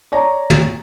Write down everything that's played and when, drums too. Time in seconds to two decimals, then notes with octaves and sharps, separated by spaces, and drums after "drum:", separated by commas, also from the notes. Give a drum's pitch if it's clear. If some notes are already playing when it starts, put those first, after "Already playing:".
0.12 C#5 D5 A#5
0.50 drum: tom